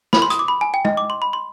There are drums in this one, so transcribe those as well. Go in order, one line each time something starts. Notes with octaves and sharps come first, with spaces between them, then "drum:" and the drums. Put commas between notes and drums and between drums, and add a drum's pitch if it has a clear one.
B5, drum: snare
C6
D#6, drum: hi-hat
D6
B5
G#5
G5
D#5, drum: tom G#3
D6
C6
B5
C6